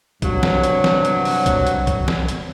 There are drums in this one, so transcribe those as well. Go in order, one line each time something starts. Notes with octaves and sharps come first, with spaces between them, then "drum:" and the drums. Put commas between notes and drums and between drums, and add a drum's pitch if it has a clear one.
G2 C3 F#3, drum: kick B1, hi-hat
drum: snare
drum: hi-hat
drum: snare
drum: hi-hat
drum: open hi-hat
drum: kick B1, hi-hat
drum: hi-hat
drum: kick B1, hi-hat
drum: snare
drum: hi-hat